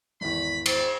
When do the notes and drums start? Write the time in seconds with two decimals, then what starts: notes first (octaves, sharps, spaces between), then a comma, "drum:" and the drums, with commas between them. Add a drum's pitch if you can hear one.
0.21 G#1 E2 B5
0.66 C5 D5, drum: cymbal